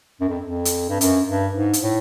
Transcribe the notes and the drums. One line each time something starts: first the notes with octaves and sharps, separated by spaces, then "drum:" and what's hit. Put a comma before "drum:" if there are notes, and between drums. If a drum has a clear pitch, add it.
F#2
F2
F2
drum: hi-hat
G2
F#2, drum: hi-hat
G2
G#2
drum: hi-hat
A2